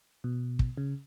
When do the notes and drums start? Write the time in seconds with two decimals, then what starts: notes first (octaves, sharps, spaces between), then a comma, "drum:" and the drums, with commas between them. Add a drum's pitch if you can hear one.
0.24 B2
0.59 drum: kick
0.78 C#3